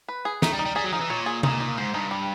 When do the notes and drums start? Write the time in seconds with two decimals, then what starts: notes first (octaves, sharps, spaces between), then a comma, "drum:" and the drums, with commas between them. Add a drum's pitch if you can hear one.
0.08 B4
0.25 G#4
0.42 A3 D#4, drum: snare
0.53 G3
0.59 D#4
0.65 G3
0.76 G3 G#4
0.84 F#3
0.93 F3 D#4
1.01 E3
1.10 A#2 C#5
1.26 G#4
1.43 A#2 D#4, drum: tom C3
1.60 D#4
1.77 G#2 C5
1.93 G2 D#4
2.11 G3